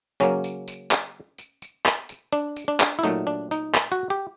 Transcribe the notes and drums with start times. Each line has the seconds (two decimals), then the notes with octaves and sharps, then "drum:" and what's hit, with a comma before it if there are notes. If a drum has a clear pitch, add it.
0.20 C#3 F#3 A#3 C#4, drum: tambourine
0.44 drum: tambourine
0.68 drum: tambourine
0.91 drum: clap
1.38 drum: tambourine
1.62 drum: tambourine
1.86 drum: clap
2.09 drum: tambourine
2.33 D4, drum: tambourine
2.57 drum: tambourine
2.68 D4
2.80 drum: clap
2.99 E4
3.03 A#2 F#3 A3 D#4, drum: tambourine
3.27 D4
3.51 D#4, drum: tambourine
3.75 drum: clap
3.92 F#4
4.10 G4